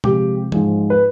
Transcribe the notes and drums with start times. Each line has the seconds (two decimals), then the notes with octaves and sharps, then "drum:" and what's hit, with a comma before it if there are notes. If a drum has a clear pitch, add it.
0.04 C3 F3 G#3 G4, drum: tom A#2
0.52 G#2 F3 G#3, drum: tom
0.90 B4